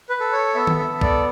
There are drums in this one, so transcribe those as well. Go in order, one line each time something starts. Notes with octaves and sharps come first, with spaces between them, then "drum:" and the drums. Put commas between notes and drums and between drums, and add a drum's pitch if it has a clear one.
B4
A4
C#5
B3 E5
drum: tom D#3
E5
A4
D5, drum: kick